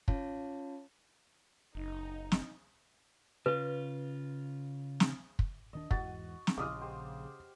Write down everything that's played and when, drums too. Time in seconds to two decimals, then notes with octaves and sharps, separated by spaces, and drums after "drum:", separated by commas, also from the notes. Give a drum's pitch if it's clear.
0.08 C#4 F4 C#5 F5 A5, drum: kick
1.75 F#1 D#4
2.32 drum: snare
3.46 C#3 F4 B4
5.00 drum: snare
5.39 drum: kick
5.73 D#1 D#3 D4 D#5
5.91 E2 G#2 E3 F#4 A6, drum: kick
6.47 drum: snare
6.58 A#1 C#3 G#3 D6 D#6 F6
6.81 G4 C5